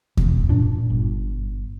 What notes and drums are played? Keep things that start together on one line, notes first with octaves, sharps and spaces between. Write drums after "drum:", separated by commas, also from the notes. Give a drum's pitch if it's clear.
E1 B2, drum: kick D#2
F#2 A#2 D4
G1